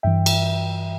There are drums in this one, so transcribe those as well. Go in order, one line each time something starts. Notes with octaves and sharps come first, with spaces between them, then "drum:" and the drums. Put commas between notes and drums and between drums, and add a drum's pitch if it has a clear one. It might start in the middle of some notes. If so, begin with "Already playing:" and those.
G2 E3 E5 G5
drum: cymbal